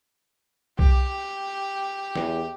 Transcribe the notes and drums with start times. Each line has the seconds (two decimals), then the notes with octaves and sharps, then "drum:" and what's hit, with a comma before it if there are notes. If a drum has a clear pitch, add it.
0.79 G4, drum: kick B1
2.15 E2, drum: snare